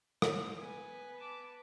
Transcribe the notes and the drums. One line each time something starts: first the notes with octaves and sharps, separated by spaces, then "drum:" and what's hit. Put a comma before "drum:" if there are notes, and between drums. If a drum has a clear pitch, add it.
C5, drum: rim click
B3 B4 G#5
A5 D6